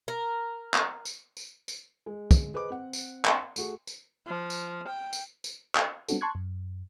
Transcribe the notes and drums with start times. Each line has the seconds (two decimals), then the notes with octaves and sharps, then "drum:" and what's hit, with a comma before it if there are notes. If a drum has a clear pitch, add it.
0.08 A#4
0.74 drum: clap
1.05 drum: tambourine
1.37 drum: tambourine
1.68 drum: tambourine
2.06 G#3
2.31 drum: kick, tambourine
2.54 G#4 B4 C5 D#5 D6
2.70 C4 F#5
2.93 drum: tambourine
3.25 drum: clap
3.56 A3 F#4 G#4, drum: tambourine
3.87 drum: tambourine
4.27 F3
4.50 drum: tambourine
4.87 G5
5.13 drum: tambourine
5.44 drum: tambourine
5.75 drum: clap
6.09 G3 B3 C4 D4 F#4 A4, drum: tambourine
6.21 A5 C6 C#6 F#6 G#6
6.35 F#2